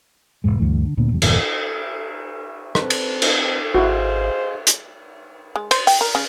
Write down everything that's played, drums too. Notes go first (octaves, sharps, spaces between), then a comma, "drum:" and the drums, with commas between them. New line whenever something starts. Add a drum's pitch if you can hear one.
E1 F2 G#2 G#3
D2 G2 E3 A3
D3
D2 A#2 B3
F1 E2 G3
G1 E2 A#2 D#3, drum: cymbal
C4 A4 B4, drum: rim click
drum: cymbal
drum: cymbal
G#1 E4 F#4 G#4 C5 D#5 F5
drum: hi-hat
G#3
C5, drum: cymbal
G5, drum: open hi-hat
A#4
C#3